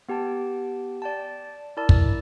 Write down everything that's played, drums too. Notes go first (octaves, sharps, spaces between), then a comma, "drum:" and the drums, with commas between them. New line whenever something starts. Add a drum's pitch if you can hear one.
B3 G4 G5 A5
D5 G5 A5
E4 A#4 D5 A5 E6
drum: kick